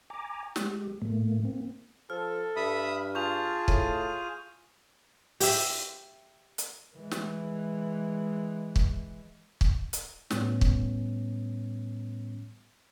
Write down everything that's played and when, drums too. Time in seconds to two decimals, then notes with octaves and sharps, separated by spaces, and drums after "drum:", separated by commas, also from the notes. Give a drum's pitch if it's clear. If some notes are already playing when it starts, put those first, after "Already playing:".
0.10 G#5 A#5 D6
0.56 G#3 G4, drum: snare
1.02 A2 A3 A#3
1.45 A#3 C4
2.10 F3 A4 F6
2.56 G2 E5 B5 D#6
3.15 F4 G#4 A5 C#6 G6 F7
3.68 A2 D#7, drum: kick
5.40 G4 E5, drum: open hi-hat
6.58 drum: hi-hat
6.96 E3 G#3
7.11 drum: snare
8.76 drum: kick
9.61 drum: kick
9.93 drum: hi-hat
10.31 A2 G3 B3 C#4, drum: snare
10.61 drum: kick